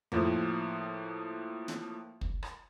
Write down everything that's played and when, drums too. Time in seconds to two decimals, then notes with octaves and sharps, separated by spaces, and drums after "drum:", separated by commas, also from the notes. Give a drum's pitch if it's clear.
0.12 A2 F3 A#3, drum: tom F2
1.68 drum: snare
2.21 drum: kick
2.43 drum: rim click